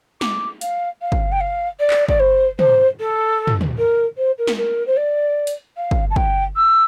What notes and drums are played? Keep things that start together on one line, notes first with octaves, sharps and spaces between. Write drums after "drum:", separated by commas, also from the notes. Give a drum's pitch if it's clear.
D6, drum: snare
F5, drum: hi-hat
F5
drum: kick
G5
F5
D5
drum: clap
D5, drum: kick
C5
C5, drum: tom
A4
drum: tom
drum: tom
A#4
C5
A#4
drum: snare
A#4
C5
D5
drum: hi-hat
F5
drum: kick
A5
G5, drum: kick
E6